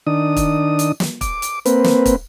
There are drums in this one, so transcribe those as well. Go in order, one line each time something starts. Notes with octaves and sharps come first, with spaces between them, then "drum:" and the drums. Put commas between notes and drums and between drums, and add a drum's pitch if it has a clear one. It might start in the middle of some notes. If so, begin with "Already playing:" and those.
D#3 D4 D#6
drum: kick, hi-hat
drum: hi-hat
drum: snare
D6, drum: kick, hi-hat
drum: hi-hat
A#3 C4 B4, drum: hi-hat
drum: snare
drum: kick, hi-hat